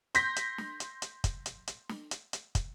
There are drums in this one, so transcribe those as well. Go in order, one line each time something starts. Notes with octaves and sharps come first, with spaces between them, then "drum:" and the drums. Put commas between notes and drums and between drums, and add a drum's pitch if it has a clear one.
C6 G6 A#6 B6, drum: hi-hat
drum: hi-hat
drum: snare
drum: hi-hat
drum: hi-hat
drum: kick, hi-hat
drum: hi-hat
drum: hi-hat
drum: snare
drum: hi-hat
drum: hi-hat
drum: kick, hi-hat